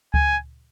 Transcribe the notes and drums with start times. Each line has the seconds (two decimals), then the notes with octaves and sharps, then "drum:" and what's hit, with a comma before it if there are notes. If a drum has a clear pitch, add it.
0.14 G#5, drum: kick C#2